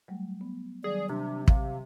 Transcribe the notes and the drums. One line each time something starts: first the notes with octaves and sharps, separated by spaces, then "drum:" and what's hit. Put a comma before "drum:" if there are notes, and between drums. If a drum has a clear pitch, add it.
F#3 G3 A3
B3
D#3 F#3 G3 G#4 D5
C3 D4
F5, drum: kick